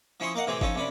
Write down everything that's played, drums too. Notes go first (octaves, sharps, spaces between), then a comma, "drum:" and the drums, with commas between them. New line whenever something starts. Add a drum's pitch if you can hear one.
F3 C#4 E4 C6 C#6 D#6
A#3 A#4 D#5 F5 F#5
A2 C3 E3 C4 G4 G#4
F3 C#4 D#4 A4 C#5, drum: kick G1
D#2 C3 C#4 D4 B5